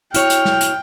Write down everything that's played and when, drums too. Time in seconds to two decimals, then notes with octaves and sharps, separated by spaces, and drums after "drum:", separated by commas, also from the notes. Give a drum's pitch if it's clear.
0.14 E4 F#4 C#5 G5 F6, drum: hi-hat
0.30 drum: hi-hat
0.45 drum: snare
0.61 drum: hi-hat